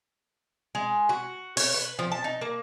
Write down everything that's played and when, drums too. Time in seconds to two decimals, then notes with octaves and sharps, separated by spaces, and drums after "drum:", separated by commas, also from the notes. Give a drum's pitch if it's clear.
0.75 G#3
1.09 F#4
1.57 C#5, drum: open hi-hat
1.74 B4
1.99 F3
2.12 A5
2.24 D#4
2.41 A#3